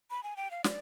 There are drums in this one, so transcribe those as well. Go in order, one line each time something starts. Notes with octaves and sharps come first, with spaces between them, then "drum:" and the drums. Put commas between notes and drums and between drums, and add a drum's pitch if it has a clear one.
B5
G#5
G5
F5
D5, drum: snare